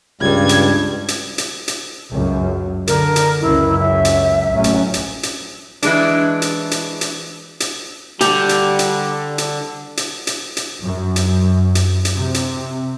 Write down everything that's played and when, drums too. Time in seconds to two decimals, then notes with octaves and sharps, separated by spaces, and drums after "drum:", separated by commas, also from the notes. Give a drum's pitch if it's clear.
0.21 C#2 G2 G3 G#6
0.49 drum: hi-hat
1.08 drum: hi-hat
1.38 drum: hi-hat
1.68 drum: hi-hat
2.12 C#2 F#2
2.87 D3 A#4, drum: hi-hat
3.16 drum: hi-hat
3.41 C#2 F#2 E4
3.80 E5
4.05 drum: hi-hat
4.54 A1 F#3 C#4
4.64 drum: hi-hat
4.94 drum: hi-hat
5.23 drum: hi-hat
5.83 E3 G#3 D4, drum: hi-hat
6.42 drum: hi-hat
6.71 drum: hi-hat
7.01 drum: hi-hat
7.60 drum: hi-hat
8.21 D3 G3 G4, drum: hi-hat
8.49 drum: hi-hat
8.79 drum: hi-hat
9.38 drum: hi-hat
9.97 drum: hi-hat
10.27 drum: hi-hat
10.57 drum: hi-hat
10.83 F#2
11.16 drum: hi-hat
11.75 drum: hi-hat
12.05 drum: hi-hat
12.15 C3
12.34 drum: hi-hat